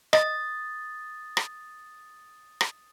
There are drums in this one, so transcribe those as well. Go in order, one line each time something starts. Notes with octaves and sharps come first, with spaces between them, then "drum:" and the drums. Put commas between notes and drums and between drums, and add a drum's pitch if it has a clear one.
D#5 D#6 A6, drum: rim click
drum: rim click
drum: rim click